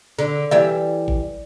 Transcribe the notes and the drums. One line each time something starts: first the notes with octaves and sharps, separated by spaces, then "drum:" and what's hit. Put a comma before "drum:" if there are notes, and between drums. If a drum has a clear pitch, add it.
D3, drum: snare
E3 G3 E5
drum: kick A1